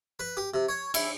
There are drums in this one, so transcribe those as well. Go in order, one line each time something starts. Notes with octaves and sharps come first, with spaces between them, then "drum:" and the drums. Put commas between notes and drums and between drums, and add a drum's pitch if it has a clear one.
B4
G4
C3
C#5
E4, drum: cymbal